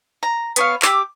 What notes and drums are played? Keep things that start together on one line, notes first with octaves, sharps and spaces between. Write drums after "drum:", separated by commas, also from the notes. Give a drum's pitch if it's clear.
A#5
B3 C#5 F5, drum: hi-hat
G4 A#4 D6 E6, drum: clap